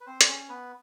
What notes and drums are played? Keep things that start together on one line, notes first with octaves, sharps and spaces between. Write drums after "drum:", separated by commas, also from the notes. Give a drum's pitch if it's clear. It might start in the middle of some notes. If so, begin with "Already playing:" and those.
B4
C4 C5
D5, drum: hi-hat
C#4 C#5
B3 B4